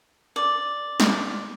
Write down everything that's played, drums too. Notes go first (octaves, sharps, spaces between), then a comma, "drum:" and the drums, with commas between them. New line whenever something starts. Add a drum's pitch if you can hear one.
D5
drum: snare